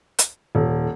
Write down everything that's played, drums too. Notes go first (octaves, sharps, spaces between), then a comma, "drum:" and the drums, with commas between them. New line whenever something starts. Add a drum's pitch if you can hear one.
drum: hi-hat
D#1